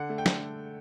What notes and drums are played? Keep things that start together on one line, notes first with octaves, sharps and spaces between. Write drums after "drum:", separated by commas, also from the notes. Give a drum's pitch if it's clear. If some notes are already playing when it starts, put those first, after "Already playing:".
Already playing: D3 F#5
A3
G5
D3, drum: snare